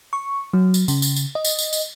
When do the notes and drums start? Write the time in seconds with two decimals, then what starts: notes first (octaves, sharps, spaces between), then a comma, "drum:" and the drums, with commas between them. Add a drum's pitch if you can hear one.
0.13 C#6
0.53 F#3
0.74 drum: tambourine
0.88 C#3, drum: tambourine
1.02 drum: tambourine
1.16 drum: tambourine
1.35 D#5
1.45 drum: tambourine
1.59 drum: tambourine
1.73 drum: tambourine